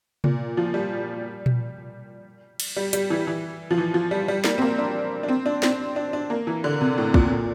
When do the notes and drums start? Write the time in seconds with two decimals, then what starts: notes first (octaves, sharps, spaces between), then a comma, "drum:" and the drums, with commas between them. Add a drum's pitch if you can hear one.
0.24 A#2, drum: tom C3
0.57 F3
0.74 G3
1.46 drum: tom A#2
2.60 drum: cymbal
2.76 G3
2.93 G3, drum: hi-hat
3.10 E3
3.27 E3
3.71 F3
3.78 E3
3.94 F3
4.11 G3
4.28 G3
4.44 A#3, drum: snare
4.58 C4
4.62 A#3
4.78 D4
5.23 D4
5.28 C4
5.46 D4
5.63 C4, drum: snare
5.96 D4
6.13 D4
6.30 A#3
6.47 E3
6.64 D3
6.81 C3
6.98 A2
7.14 A#2, drum: kick
7.31 A#2